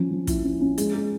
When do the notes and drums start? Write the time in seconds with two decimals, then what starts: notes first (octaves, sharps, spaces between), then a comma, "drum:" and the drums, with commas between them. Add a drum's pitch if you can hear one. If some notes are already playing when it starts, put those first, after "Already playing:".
Already playing: F3 C#4
0.11 F3
0.27 E4, drum: kick, hi-hat
0.43 C#4
0.61 C#4
0.78 G#3, drum: hi-hat
0.95 G#3